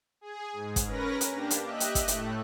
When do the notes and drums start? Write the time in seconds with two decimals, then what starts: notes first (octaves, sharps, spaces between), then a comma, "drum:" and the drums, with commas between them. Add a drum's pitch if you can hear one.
0.21 G#4
0.53 G#2
0.76 drum: kick, hi-hat
0.85 C#4 A#4 B4 A#6
1.21 drum: hi-hat
1.31 A#3 D4 G4
1.50 drum: hi-hat
1.65 G4 D#5 E5 F#6
1.80 drum: hi-hat
1.95 drum: kick, hi-hat
2.08 A2 A3, drum: hi-hat